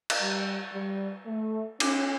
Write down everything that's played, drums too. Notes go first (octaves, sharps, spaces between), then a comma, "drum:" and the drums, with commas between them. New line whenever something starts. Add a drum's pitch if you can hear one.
drum: cymbal
G3
G3
A3
C#4, drum: cymbal